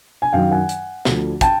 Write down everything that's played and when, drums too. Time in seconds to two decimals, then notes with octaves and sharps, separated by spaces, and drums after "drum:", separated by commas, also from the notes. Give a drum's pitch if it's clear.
0.22 G#5
0.33 F#2 D#3 F#3 F5 G5
0.51 F#5 G#5
0.69 drum: hi-hat
1.05 D2 D3 F3, drum: snare
1.41 G5 A5, drum: kick, hi-hat